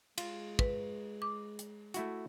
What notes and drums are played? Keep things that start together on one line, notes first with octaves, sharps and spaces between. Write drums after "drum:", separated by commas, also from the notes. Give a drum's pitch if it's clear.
G#3 F4, drum: cymbal
B4, drum: kick
D6
drum: hi-hat
A3 E4 F#4, drum: hi-hat